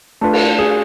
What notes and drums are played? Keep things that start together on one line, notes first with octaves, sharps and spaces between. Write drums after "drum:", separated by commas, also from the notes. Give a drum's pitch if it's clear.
A3 D4 F4 A4 B4
drum: cymbal
G#4